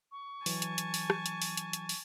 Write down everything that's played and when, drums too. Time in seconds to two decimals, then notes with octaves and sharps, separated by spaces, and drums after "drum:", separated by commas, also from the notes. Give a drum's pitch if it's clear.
0.12 C#6
0.46 E3 F#3 G#5 A5, drum: open hi-hat
0.62 drum: hi-hat
0.78 drum: hi-hat
0.94 drum: open hi-hat
1.10 drum: rim click
1.26 drum: hi-hat
1.42 drum: open hi-hat
1.57 drum: hi-hat
1.73 drum: hi-hat
1.89 drum: open hi-hat